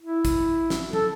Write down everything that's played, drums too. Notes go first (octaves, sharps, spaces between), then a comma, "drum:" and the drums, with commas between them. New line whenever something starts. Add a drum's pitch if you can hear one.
E4
drum: kick, hi-hat
drum: snare
A4, drum: tom